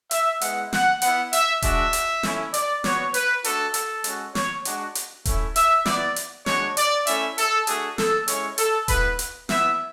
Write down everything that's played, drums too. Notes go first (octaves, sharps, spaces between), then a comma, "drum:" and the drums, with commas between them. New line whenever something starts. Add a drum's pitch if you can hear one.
E5, drum: hi-hat
G#3 B3 E4 F#5, drum: hi-hat
F#5, drum: snare
B3 E4 F#5, drum: hi-hat
E5, drum: hi-hat
G#3 D4 F#4 E5, drum: kick D#1, hi-hat
drum: hi-hat
A3 C#4 E4, drum: snare
D5, drum: hi-hat
B3 F#4 C#5, drum: snare
B4, drum: hi-hat
A3 D4 F#4 A4, drum: hi-hat
A4, drum: hi-hat
G#3 C#4 F#4, drum: hi-hat
C#5, drum: snare
G#3 D4 F#4, drum: hi-hat
drum: hi-hat
A3 C#4 E4, drum: kick D#1, hi-hat
E5, drum: hi-hat
B3 E4 D5, drum: snare
drum: hi-hat
G#3 D4 F#4 C#5, drum: snare
D5, drum: hi-hat
A3 C#4 E4 E5, drum: hi-hat
A4, drum: hi-hat
A3 D4 F#4 G#4, drum: hi-hat
A4, drum: snare
G#3 C#4 E4 C#5, drum: hi-hat
A4, drum: hi-hat
G#3 B3 E4 B4, drum: kick D#1, hi-hat
drum: hi-hat
B3 E4 E5, drum: snare